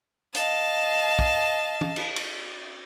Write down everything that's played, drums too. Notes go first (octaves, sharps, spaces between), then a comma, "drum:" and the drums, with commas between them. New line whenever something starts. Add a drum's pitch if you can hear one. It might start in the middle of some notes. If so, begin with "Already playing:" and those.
D#5 F5 A5, drum: hi-hat
drum: kick
drum: tom
drum: cymbal
drum: cymbal